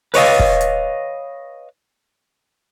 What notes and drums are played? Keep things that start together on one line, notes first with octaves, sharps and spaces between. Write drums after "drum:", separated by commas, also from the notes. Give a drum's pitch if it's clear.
B4 C#5 D#5 F5, drum: open hi-hat
drum: kick
drum: hi-hat